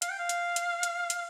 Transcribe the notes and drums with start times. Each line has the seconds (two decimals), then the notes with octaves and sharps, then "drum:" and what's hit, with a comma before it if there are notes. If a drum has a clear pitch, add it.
0.02 F5, drum: hi-hat
0.11 G5
0.19 F5
0.29 drum: hi-hat
0.56 drum: hi-hat
0.83 drum: hi-hat
1.10 drum: hi-hat